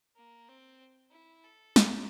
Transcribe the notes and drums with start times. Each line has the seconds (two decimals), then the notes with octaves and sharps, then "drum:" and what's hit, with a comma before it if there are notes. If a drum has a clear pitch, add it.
0.16 A#3
0.49 C4
1.12 E4
1.44 A4
1.76 A#4, drum: snare